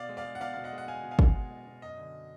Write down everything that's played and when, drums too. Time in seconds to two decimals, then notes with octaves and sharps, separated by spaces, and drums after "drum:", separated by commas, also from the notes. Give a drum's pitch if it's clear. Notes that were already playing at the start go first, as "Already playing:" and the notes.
Already playing: B2 D5 F5
0.09 G#3
0.17 D5 F5
0.25 G#3
0.35 F#5
0.41 B2 D5 F5
0.53 B2 F5
0.64 D#5 F#5
0.72 G#3
0.78 F#5
0.87 G#3 F5 G#5
1.03 B2
1.11 F5 G#5
1.19 B2, drum: kick
1.35 G#3
1.50 G#3
1.67 B2
1.82 F#2 D#5
1.98 D3